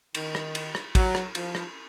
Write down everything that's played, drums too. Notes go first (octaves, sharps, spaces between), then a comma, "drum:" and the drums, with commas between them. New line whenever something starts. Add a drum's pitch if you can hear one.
D#3, drum: cymbal
drum: rim click
drum: cymbal
drum: rim click
F#3, drum: kick, cymbal
drum: rim click
F3, drum: cymbal
drum: rim click